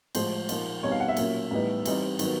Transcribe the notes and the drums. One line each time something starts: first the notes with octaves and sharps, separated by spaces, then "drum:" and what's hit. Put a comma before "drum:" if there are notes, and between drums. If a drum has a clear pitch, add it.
A2 F3 G#3 C5, drum: cymbal
A#2 F3 A#3 D#4, drum: cymbal
B2 G3 C4 D#4 C#5
F5
F#5
E5
A#2 F#3 A#3 C#4, drum: cymbal
A2 E3 G3 B3 D#4
E3 G3 C4 D#4, drum: cymbal
D#3 F#3 B3, drum: cymbal